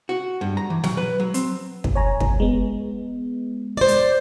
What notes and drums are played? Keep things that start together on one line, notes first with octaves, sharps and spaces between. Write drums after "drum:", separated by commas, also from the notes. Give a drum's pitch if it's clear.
F#4
G2
A#5
E3
F#3, drum: snare
B4
F#3
C4, drum: hi-hat
drum: kick
C#5 G#5 A#5
drum: kick
G#3 B3
C5 D5
drum: hi-hat